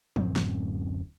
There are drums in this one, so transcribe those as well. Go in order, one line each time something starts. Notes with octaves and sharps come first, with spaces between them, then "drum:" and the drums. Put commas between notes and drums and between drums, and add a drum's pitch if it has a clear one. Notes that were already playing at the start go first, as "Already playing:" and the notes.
D1 F#2 A2 C4, drum: tom
drum: snare